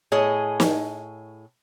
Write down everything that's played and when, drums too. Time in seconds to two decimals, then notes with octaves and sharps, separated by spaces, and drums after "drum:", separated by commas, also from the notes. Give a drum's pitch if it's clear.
0.12 A2 G#4 C#5 D#5
0.60 drum: snare